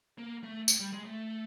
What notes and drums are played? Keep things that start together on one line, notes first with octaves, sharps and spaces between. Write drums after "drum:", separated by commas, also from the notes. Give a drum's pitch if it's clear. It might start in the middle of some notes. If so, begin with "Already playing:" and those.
A#3
A3
drum: tambourine
G3
G#3
A3